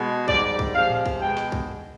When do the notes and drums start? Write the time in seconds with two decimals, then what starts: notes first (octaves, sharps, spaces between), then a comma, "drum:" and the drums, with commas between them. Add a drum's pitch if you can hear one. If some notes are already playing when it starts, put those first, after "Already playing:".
Already playing: B2 G#3
0.28 G#2 D#3 G3 D5, drum: kick
0.59 drum: kick
0.74 C3 F3 G#3 F5
0.90 drum: tom A2
1.06 drum: kick
1.21 B2 G#3 G5
1.37 drum: snare
1.52 drum: kick